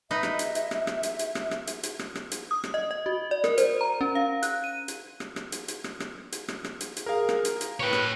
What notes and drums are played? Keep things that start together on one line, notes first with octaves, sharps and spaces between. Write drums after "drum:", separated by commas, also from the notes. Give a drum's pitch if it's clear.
D#4 B4 D#5 E5
drum: rim click
drum: hi-hat
drum: hi-hat
drum: rim click
drum: rim click
drum: hi-hat
drum: hi-hat
drum: rim click
drum: rim click
drum: hi-hat
drum: hi-hat
drum: rim click
drum: rim click
drum: hi-hat
D#6
drum: rim click
D#5
D#5
F#4
D5
A#4, drum: rim click
C5, drum: hi-hat
A#5
C#4
F5
F#6, drum: hi-hat
D#7
drum: hi-hat
drum: rim click
drum: rim click
drum: hi-hat
drum: hi-hat
drum: rim click
drum: rim click
drum: hi-hat
drum: rim click
drum: rim click
drum: hi-hat
drum: hi-hat
G#4 A#4 F5
drum: rim click
drum: hi-hat
drum: hi-hat
A2 B4 C#5 G5
drum: rim click